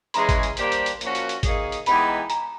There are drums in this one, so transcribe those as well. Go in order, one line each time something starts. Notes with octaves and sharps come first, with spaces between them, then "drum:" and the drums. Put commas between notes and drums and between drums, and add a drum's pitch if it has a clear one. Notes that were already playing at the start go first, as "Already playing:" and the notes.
E3 G#3 C#4 A#5 C6, drum: hi-hat
drum: kick G#1, hi-hat
drum: hi-hat
G3 A#3 D4 G4 C5, drum: hi-hat
drum: hi-hat
drum: hi-hat
F3 A#3 C#4 F#4, drum: hi-hat
drum: hi-hat
drum: hi-hat
A#3 D#4 G#4 C#5, drum: kick G#1, hi-hat
drum: hi-hat
E3 G#3 B3 D#4 G4 A5 B5, drum: hi-hat
G#5 A#5
G#5 A#5, drum: hi-hat